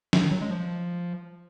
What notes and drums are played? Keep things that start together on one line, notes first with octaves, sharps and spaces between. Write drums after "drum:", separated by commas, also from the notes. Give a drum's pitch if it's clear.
drum: snare
D#3
F#3
G#3
F3